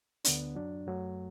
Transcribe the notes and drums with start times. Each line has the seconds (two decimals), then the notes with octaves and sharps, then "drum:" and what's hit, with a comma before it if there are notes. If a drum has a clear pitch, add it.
0.25 D2 D3 B3 D4, drum: hi-hat
0.55 F#2 F#3 D4
0.87 F#2 F#3 A3